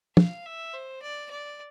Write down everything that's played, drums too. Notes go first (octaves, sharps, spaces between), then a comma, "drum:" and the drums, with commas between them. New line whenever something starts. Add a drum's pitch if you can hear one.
F5, drum: tom
E5
C5
D5
D5